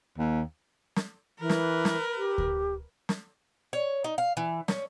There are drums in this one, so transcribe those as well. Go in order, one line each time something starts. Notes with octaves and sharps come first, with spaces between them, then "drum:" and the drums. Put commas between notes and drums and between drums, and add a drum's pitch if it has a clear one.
D#2
drum: snare
E3 A#4 B4
drum: snare
drum: snare
G4
drum: kick D2
drum: snare
C#5
D#4
F5
E3
C#4, drum: snare